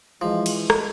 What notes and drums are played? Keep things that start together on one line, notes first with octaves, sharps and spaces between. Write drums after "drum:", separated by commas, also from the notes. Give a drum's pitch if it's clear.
E3 F3 G#3
drum: cymbal
drum: rim click